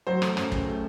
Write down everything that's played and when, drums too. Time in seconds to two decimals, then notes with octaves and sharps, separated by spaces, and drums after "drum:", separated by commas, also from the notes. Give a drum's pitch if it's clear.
0.07 F#3 C5
0.22 A3, drum: rim click
0.37 F#2, drum: rim click
0.52 F#1, drum: kick
0.67 A3